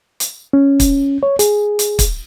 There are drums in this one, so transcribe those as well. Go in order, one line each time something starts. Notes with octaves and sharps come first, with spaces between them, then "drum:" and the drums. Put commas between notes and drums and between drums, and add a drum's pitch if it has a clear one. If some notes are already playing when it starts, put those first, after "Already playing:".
drum: hi-hat
C#4
drum: kick, hi-hat
C#5
G#4, drum: hi-hat
drum: hi-hat
drum: kick, hi-hat